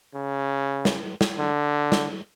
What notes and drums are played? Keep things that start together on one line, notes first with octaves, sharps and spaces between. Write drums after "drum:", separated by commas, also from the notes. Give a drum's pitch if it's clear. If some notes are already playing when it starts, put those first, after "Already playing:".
C#3
drum: snare
drum: snare
D3
drum: snare